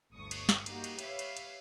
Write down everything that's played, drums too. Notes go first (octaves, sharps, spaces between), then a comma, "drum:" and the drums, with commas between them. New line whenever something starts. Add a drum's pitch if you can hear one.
G1 D2 G2 C#6 D#6
drum: cymbal
drum: snare
G3 A#3 D#4 F#4 G4, drum: cymbal
drum: cymbal
G4 B4 C#5 E5 F5, drum: cymbal
drum: cymbal
drum: cymbal